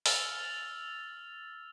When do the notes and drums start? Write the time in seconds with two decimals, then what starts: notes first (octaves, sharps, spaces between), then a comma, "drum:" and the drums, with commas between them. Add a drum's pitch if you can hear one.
0.06 E6 F6 A6 F7, drum: open hi-hat